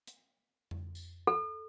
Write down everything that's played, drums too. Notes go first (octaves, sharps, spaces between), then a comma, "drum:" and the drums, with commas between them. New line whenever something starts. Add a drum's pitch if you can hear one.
drum: hi-hat
drum: tom F2
drum: tambourine
A4